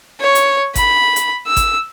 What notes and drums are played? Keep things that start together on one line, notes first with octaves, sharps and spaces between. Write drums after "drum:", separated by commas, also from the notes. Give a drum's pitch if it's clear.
C#5
drum: hi-hat
B5, drum: kick G#1, hi-hat
drum: hi-hat
E6
drum: kick G#1, hi-hat